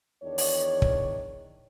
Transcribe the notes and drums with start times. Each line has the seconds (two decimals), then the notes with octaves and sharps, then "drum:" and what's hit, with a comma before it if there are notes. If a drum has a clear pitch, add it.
0.23 E2 D#3 D4 C#5
0.38 drum: open hi-hat
0.82 drum: kick